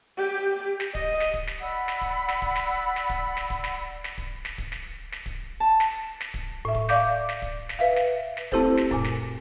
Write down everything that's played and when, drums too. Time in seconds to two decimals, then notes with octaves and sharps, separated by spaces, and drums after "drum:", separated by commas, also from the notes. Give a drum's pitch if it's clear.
0.17 G4
0.80 drum: snare
0.95 D#5, drum: kick D1
1.20 drum: snare
1.34 drum: kick D1
1.47 drum: snare
1.61 D5 F#5 B5 E6
1.88 drum: snare
2.01 drum: kick D1
2.28 drum: snare
2.42 drum: kick D1
2.55 drum: snare
2.96 drum: snare
3.10 drum: kick D1
3.37 drum: snare
3.50 drum: kick D1
3.64 drum: snare
4.04 drum: snare
4.18 drum: kick D1
4.45 drum: snare
4.58 drum: kick D1
4.72 drum: snare
5.12 drum: snare
5.26 drum: kick D1
5.60 A5
5.80 drum: snare
6.20 drum: snare
6.34 drum: kick D1
6.65 A2 E5
6.75 drum: kick D1
6.89 D5 F5 D6 G6, drum: snare
7.29 drum: snare
7.42 drum: kick D1
7.69 drum: snare
7.79 B4 E5 F5
7.96 drum: snare
8.37 drum: snare
8.52 A3 C4 E4 G4 A4 C5, drum: kick D1
8.77 drum: snare
8.91 F#2 A#2 G#5, drum: kick D1
9.04 drum: snare